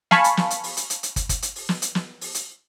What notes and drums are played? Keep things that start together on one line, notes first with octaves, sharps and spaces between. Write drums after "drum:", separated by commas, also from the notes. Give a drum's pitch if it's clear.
F5 G#5 A5 B5 C#6, drum: snare
drum: hi-hat
drum: snare
drum: hi-hat
drum: open hi-hat
drum: hi-hat
drum: hi-hat
drum: hi-hat
drum: kick, hi-hat
drum: kick, hi-hat
drum: hi-hat
drum: open hi-hat
drum: snare
drum: hi-hat
drum: snare
drum: open hi-hat
drum: hi-hat